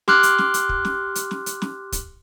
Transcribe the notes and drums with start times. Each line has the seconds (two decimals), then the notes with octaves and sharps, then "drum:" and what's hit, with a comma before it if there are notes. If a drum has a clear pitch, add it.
0.08 G4 C6 D6 F6 F#6, drum: snare
0.23 drum: hi-hat
0.38 drum: snare
0.54 drum: hi-hat
0.69 drum: kick
0.85 drum: snare
1.15 drum: hi-hat
1.31 drum: snare
1.46 drum: hi-hat
1.62 drum: snare
1.92 drum: kick, hi-hat